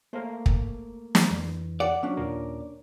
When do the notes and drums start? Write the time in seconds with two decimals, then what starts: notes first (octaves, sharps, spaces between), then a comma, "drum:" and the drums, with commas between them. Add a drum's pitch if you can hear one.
0.13 A3 A#3 A#4 C5
0.46 drum: kick
1.15 drum: snare
1.31 F2 E3
1.80 D5 F#5
2.03 F3 F#3 C#4 D4 D6
2.17 D#2 A#2 A#4